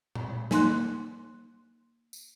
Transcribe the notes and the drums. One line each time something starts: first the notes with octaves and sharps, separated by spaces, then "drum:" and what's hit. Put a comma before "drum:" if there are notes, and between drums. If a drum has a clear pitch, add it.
drum: tom A#2
A#3 D#4 C6 F#6, drum: snare
drum: tambourine